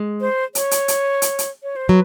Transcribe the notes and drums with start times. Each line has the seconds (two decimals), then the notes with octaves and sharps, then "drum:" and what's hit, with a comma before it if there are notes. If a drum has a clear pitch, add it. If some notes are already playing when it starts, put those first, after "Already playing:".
Already playing: G#3
0.21 C5
0.55 C#5, drum: hi-hat
0.71 drum: hi-hat
0.88 drum: hi-hat
1.22 drum: hi-hat
1.39 drum: hi-hat
1.63 C#5
1.76 C5
1.89 F#3 B4